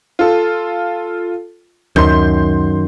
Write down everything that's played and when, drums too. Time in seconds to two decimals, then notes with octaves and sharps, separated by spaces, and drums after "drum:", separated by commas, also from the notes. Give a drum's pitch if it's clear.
0.19 F4 A4
1.96 F#2 D#3 C6 G6, drum: tom D2